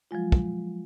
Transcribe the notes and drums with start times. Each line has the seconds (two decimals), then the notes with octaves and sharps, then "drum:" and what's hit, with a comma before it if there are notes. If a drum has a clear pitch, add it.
0.11 F3 F#3 G#3 F4
0.32 drum: kick